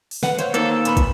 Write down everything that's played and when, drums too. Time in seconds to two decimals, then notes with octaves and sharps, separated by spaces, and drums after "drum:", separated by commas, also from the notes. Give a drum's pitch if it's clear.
0.11 drum: open hi-hat
0.23 B4 F#5, drum: snare
0.39 C5 C#5 F5, drum: hi-hat
0.54 D#3 A#3 A4, drum: hi-hat
0.72 E6
0.85 A#2 B3 B4, drum: hi-hat
0.97 drum: kick, hi-hat